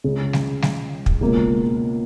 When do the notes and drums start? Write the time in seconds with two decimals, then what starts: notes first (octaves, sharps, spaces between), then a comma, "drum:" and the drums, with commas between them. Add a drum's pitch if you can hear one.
0.04 C#2 C#3 G#3
0.33 drum: snare
0.62 drum: snare
1.06 drum: kick
1.21 C#2 B2 A#3 F4